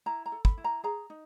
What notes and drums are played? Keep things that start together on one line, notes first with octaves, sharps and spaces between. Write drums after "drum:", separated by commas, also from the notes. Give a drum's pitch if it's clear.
E4 A#5
A#5
A4
B5, drum: kick
E4
A#5
G#4 A#5
D#4